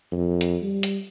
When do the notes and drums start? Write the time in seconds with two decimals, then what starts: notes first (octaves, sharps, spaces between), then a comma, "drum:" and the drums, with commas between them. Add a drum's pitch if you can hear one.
0.11 F2
0.41 drum: hi-hat
0.62 G3
0.83 drum: hi-hat